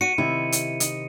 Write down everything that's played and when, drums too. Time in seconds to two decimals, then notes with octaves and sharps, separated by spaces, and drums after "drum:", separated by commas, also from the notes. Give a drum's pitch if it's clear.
0.01 F#4 C#7 D#7
0.18 C3 D#3 E4
0.52 drum: hi-hat
0.80 D#4, drum: hi-hat